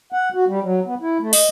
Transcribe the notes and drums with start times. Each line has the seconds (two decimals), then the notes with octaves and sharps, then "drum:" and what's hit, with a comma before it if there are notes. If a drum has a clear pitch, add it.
0.12 F#5
0.34 F#4
0.47 G3
0.62 F#3
0.85 B3
1.01 E4
1.20 A3
1.33 D#5, drum: open hi-hat